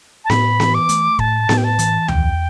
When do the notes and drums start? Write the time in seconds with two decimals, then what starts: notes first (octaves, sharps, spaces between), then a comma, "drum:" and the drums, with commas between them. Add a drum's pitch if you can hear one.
0.25 A5
0.30 A2 B5, drum: snare B3
0.60 E3, drum: snare B3
0.74 D6
0.89 A3, drum: hi-hat
1.19 A2 A5, drum: kick
1.49 A2, drum: snare B3
1.58 G5
1.64 A5
1.79 E3, drum: hi-hat
2.08 E2 G5, drum: tom C#2